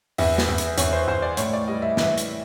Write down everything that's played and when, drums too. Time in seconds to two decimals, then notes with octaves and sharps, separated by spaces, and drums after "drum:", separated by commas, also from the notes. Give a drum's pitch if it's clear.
0.18 E2 E5, drum: open hi-hat
0.38 drum: snare
0.49 E2
0.58 drum: hi-hat
0.78 E2 C#5, drum: hi-hat
0.93 C5
1.07 E2 C5
1.22 D5
1.37 A2 C#5, drum: hi-hat
1.53 D5
1.68 G3 D#5
1.82 E5
1.97 E3 E5, drum: snare
2.18 drum: hi-hat